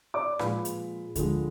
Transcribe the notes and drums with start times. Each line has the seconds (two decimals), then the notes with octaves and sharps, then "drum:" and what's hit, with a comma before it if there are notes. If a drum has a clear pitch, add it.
0.14 D5 D6
0.39 A#2 F3 G#3 B4 B5, drum: rim click
0.65 drum: hi-hat
1.15 D3 F3 G#3, drum: kick D2, hi-hat